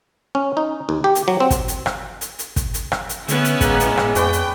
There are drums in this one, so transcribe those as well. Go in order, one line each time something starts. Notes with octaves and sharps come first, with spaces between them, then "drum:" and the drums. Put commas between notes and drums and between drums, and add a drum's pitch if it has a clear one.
C#4
D#4
D#2
G4
drum: hi-hat
F#3
C4
drum: kick, hi-hat
drum: hi-hat
drum: rim click
drum: hi-hat
drum: hi-hat
drum: kick, hi-hat
drum: hi-hat
drum: rim click
drum: hi-hat
D3 B3 C#4 E4, drum: hi-hat
drum: hi-hat
A2 G#3 A#3 A#4 F#5, drum: kick, hi-hat
drum: hi-hat
drum: rim click
F2 C#4 B4 D5 G5, drum: hi-hat
drum: hi-hat